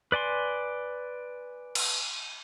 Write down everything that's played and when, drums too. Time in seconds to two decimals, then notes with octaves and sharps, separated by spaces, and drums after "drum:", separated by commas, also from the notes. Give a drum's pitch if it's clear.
0.12 B4 D5 G#5 C6
1.75 drum: cymbal